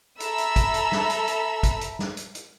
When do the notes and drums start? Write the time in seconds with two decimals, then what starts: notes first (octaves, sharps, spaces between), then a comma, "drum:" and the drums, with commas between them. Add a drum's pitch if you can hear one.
0.20 A4 E5 A#5 B5 E6, drum: hi-hat
0.38 drum: hi-hat
0.56 drum: kick G#1, hi-hat
0.74 drum: hi-hat
0.92 drum: snare
1.10 drum: hi-hat
1.28 drum: hi-hat
1.63 drum: kick G#1, hi-hat
1.81 drum: hi-hat
1.99 drum: snare
2.17 drum: hi-hat
2.35 drum: hi-hat